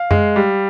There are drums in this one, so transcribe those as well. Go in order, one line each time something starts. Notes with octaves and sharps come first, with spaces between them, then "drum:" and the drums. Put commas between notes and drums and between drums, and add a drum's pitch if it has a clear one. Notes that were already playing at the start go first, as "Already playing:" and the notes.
Already playing: F5
G#3, drum: tom F#2
G3